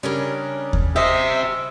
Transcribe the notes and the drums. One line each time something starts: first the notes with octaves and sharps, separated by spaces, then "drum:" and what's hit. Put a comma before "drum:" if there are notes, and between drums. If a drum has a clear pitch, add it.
C#3 G3 C#4 D4 A#4
drum: kick D#2
G4 C5 D#5 E5